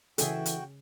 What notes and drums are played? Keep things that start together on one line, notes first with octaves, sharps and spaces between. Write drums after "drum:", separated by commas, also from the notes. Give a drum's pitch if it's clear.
C#3 E3 C#4 F#4 G#4 A4 E5 G5, drum: hi-hat
drum: hi-hat